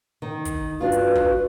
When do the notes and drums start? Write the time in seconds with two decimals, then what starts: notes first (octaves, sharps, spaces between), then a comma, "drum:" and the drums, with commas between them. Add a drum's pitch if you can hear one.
0.22 D#3
0.45 drum: kick, hi-hat
0.81 G2 D4 F4 F#4 B4
0.92 drum: hi-hat
1.15 drum: kick